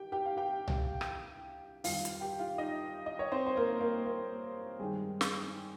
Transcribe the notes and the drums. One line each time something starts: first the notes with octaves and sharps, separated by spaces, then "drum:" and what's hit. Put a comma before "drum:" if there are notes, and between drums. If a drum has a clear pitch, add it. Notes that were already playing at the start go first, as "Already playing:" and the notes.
Already playing: G4 G5
G4 G5
F5
G4 G5
drum: tom C2
drum: rim click
F2 D#3 G3 F4 F5, drum: open hi-hat
drum: hi-hat
G4 G5
F4 F5
D#4 D#5
D#5
C#5
C4 C5
C5
A#3 A#4
A#3 A#4
A#3 A#4
G2 D#3 G3 G#3 G#4
drum: snare